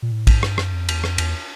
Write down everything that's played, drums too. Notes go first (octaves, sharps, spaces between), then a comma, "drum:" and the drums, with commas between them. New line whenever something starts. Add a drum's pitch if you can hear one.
A#2
A2
G#2, drum: kick, cymbal
G2, drum: rim click
F#2, drum: rim click
F2
E2, drum: cymbal
F2, drum: rim click
E2, drum: cymbal